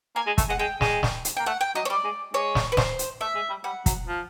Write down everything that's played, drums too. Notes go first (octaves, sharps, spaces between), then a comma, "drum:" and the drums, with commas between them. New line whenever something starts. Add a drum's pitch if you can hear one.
A#3 G#5
G#3
A3, drum: kick, hi-hat
G#3 F#5
G#3 G5
G#3, drum: snare
drum: snare
drum: hi-hat
A#3 G5
A3 F#5
G5
F#3 D#5
C#5
G3 D5
G#3
G#3 C#5
drum: snare
B4
C5, drum: snare
drum: hi-hat
A3 E5
G#3
G3
G3 F#5
F#3, drum: kick, hi-hat
F3